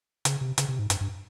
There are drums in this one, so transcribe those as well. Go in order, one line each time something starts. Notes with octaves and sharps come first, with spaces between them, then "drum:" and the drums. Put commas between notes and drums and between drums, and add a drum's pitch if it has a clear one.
C#3, drum: hi-hat
C3
C#3, drum: hi-hat
C3
G#2
G2, drum: hi-hat
G2